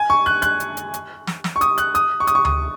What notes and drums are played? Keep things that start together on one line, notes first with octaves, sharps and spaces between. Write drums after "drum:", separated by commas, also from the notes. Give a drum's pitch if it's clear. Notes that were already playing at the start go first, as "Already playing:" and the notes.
Already playing: G#5
C#6
F#6
F#6, drum: hi-hat
drum: hi-hat
drum: hi-hat
drum: hi-hat
drum: snare
drum: snare
C#6
D#6, drum: hi-hat
F#6, drum: hi-hat
D#6, drum: hi-hat
C#6
D#6, drum: hi-hat
C#6
D#6, drum: tom D2